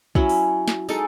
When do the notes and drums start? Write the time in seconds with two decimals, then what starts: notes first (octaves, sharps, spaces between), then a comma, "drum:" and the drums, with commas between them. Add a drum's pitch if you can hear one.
0.15 F#3 C#4 E4, drum: kick
0.29 drum: open hi-hat
0.68 drum: snare
0.89 G#3 D#4 A4, drum: tambourine